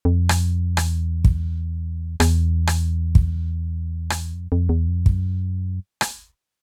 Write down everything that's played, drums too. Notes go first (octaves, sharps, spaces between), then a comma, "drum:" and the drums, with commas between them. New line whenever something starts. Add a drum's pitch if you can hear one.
F2
drum: rim click
E2, drum: rim click
drum: kick
E2, drum: rim click
drum: rim click
drum: kick
drum: rim click
F2
F2
E2
F2
F#2, drum: kick
drum: rim click